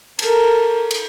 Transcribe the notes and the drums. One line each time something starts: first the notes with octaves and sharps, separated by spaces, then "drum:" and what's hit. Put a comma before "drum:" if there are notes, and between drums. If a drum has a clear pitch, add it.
A4 A#4, drum: cymbal
drum: cymbal